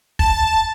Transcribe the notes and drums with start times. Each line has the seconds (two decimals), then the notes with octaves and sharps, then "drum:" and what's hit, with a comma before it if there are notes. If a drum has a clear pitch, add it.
0.19 A5, drum: kick